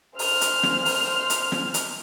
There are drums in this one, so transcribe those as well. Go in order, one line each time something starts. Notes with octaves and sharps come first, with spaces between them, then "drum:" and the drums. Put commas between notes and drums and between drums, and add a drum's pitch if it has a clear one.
C5 F6, drum: open hi-hat
drum: hi-hat
drum: snare
drum: open hi-hat
drum: hi-hat
drum: snare
drum: hi-hat